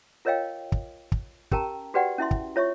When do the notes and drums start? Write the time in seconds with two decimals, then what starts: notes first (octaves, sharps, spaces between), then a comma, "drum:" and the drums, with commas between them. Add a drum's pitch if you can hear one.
0.25 F4 A#4 C#5 D#5 F5 G5
0.72 drum: kick
1.12 drum: kick
1.51 C#4 G4 A#4 G5 A5 A#5, drum: kick
1.94 F#4 G4 B4 D5 F#5 G5
2.18 C#4 E4 E5 C6
2.31 drum: kick
2.56 F4 C#5 E5 C#6